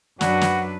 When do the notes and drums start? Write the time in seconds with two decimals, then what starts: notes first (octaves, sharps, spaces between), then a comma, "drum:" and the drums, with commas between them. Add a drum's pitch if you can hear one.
0.21 F#2 F#3 D4 F#4 B4, drum: snare
0.41 drum: snare